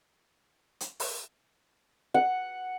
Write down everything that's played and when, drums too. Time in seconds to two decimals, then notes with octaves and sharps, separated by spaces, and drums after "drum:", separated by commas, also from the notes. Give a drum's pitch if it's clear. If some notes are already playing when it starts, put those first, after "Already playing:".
0.80 drum: hi-hat
1.00 drum: open hi-hat
2.14 F#5